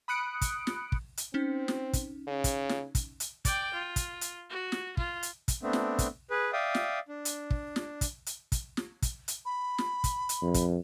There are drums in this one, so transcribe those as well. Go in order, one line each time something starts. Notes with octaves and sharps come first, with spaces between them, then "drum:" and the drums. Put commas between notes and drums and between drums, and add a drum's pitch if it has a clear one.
B5 D#6 F#6 C#7 D7
drum: kick, hi-hat
drum: snare
drum: kick
drum: hi-hat
C4 C#4 D#4
drum: snare
drum: kick, hi-hat
C#3
drum: kick, hi-hat
drum: snare
drum: kick, hi-hat
drum: hi-hat
D5 G5, drum: kick, hi-hat
F4
drum: kick, hi-hat
drum: hi-hat
F#4
drum: snare
F4, drum: kick
drum: hi-hat
drum: kick, hi-hat
A3 B3 C4 D4
drum: snare
drum: kick, hi-hat
G#4 B4
D5 E5 F5 G5 D#6
drum: snare
D4
drum: hi-hat
drum: kick
drum: snare
drum: kick, hi-hat
drum: hi-hat
drum: kick, hi-hat
drum: snare
drum: kick, hi-hat
drum: hi-hat
B5
drum: snare
drum: kick, hi-hat
drum: hi-hat
F2
drum: kick, hi-hat